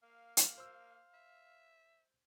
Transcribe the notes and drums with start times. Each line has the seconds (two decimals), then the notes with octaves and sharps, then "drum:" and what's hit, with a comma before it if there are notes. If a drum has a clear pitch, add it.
0.03 A#3 F5
0.37 drum: hi-hat
0.58 C5 E6
1.14 E5